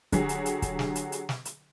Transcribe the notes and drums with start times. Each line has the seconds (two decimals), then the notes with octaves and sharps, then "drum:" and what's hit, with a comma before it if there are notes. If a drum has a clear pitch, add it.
0.12 D3 F#3 G4 G#4, drum: kick, hi-hat
0.29 drum: hi-hat
0.46 drum: hi-hat
0.62 drum: kick, hi-hat
0.79 drum: snare
0.96 drum: hi-hat
1.12 drum: hi-hat
1.29 drum: snare
1.45 drum: hi-hat